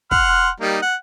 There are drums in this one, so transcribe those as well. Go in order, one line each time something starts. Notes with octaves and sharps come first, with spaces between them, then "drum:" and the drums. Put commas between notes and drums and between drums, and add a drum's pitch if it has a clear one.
F#5 C6 F6, drum: kick
G3 A#3 D#4
F#5